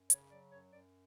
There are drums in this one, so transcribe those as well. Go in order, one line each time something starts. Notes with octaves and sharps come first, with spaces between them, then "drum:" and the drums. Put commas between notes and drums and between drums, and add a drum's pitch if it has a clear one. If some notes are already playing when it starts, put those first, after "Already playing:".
Already playing: F#2
C#3 C#5, drum: hi-hat
F#3 D5
F#2 C#5
F#2 D5